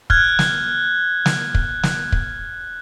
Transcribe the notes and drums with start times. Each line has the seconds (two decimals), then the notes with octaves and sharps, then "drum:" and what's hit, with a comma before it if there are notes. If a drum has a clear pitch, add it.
0.10 F6 F#6 G#6, drum: kick
0.39 drum: snare
1.26 drum: snare
1.54 drum: kick
1.83 drum: snare
2.12 drum: kick